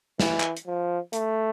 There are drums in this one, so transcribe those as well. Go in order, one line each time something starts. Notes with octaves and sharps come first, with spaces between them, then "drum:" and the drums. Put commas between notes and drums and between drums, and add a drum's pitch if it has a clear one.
E3, drum: snare
drum: clap
drum: hi-hat
F3
A3, drum: hi-hat